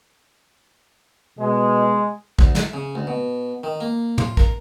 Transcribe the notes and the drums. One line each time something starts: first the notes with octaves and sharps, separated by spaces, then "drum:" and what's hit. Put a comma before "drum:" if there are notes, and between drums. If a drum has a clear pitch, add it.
B2 G#3
D2, drum: kick
E5, drum: snare
C#3
D2
B2
D#3
A#3
F4, drum: tom
A#4, drum: kick